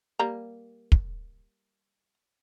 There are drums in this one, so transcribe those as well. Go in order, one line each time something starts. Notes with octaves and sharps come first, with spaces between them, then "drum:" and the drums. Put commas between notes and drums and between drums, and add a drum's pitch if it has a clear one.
G3 A#3 A#5
drum: kick